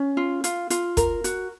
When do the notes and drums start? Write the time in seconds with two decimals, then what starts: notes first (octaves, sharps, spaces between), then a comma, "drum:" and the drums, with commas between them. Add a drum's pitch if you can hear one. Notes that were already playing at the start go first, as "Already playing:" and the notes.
Already playing: C#4
0.17 F4
0.44 F4, drum: hi-hat
0.70 F4, drum: hi-hat
0.97 A#4, drum: kick, hi-hat
1.24 F#4, drum: hi-hat